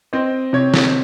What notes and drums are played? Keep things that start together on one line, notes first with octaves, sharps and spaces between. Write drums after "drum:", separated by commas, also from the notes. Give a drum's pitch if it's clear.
C4 C5 D#5
C3 C#5
drum: snare